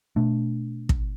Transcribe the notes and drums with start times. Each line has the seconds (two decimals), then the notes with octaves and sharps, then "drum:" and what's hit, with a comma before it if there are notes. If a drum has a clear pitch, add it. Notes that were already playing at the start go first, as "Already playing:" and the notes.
0.16 B2 A3 D4
0.89 drum: kick